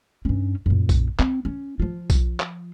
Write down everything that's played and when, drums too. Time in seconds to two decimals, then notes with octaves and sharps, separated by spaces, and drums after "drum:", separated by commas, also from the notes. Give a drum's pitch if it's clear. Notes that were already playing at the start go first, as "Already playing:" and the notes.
0.25 G2 C#4
0.66 F#2 A#2
0.89 drum: kick B1, tambourine
1.19 C4, drum: clap
1.45 C#4
1.80 F3 F4
2.10 drum: kick B1, tambourine
2.40 drum: clap